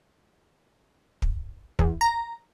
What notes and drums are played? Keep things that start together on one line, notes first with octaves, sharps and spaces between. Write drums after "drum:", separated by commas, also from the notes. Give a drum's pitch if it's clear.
drum: kick
E2, drum: kick
A#5